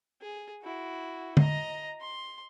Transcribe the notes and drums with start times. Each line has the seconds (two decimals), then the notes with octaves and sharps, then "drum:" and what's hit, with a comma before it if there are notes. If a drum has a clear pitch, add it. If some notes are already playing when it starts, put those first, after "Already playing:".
0.21 G#4
0.63 E4 F#4
1.37 D#5 A#5, drum: tom
2.01 C6